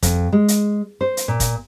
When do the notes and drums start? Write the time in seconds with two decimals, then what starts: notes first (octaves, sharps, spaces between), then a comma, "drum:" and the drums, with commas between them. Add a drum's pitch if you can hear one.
0.03 F2, drum: kick, hi-hat
0.33 G#3
0.48 drum: hi-hat
1.01 C5
1.17 drum: hi-hat
1.28 A#2
1.40 drum: kick, hi-hat